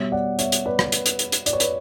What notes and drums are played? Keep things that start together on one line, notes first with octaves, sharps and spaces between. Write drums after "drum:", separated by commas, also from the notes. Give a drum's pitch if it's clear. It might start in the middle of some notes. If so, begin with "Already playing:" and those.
Already playing: B2 G3 B3 C#5 E5
D5 F#5
C#5 E5, drum: hi-hat
drum: hi-hat
B4 D5
drum: rim click
drum: hi-hat
drum: hi-hat
drum: hi-hat
drum: hi-hat
D5, drum: hi-hat
C#5
B4, drum: hi-hat